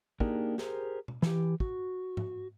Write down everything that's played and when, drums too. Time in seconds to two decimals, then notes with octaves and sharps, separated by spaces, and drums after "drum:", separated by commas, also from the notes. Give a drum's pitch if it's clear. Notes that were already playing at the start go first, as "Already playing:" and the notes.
0.20 A#3 D4 D#4 G4 G#4 A#4, drum: kick
0.58 G4 G#4 A#4 C5, drum: snare
1.08 drum: tom B2
1.22 E3 G4, drum: snare
1.60 F#4, drum: kick
2.17 drum: tom G#2